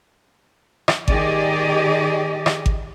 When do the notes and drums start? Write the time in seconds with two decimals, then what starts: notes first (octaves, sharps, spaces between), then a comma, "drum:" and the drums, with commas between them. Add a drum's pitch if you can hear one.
0.88 drum: rim click
1.08 D#3 G4 G#4 D5 D#5, drum: kick G#1
2.46 drum: rim click
2.66 drum: kick G#1